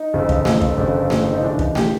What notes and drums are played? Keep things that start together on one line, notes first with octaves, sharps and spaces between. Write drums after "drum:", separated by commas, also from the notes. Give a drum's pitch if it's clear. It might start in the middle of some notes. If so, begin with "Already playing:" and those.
Already playing: D#4
G1 F2 C#3
drum: kick
drum: snare A3
drum: kick
G1 F2 C#3 D4
drum: snare A3
D#4
D#2 C#3 E3 D4
D#4, drum: kick
G4, drum: snare A3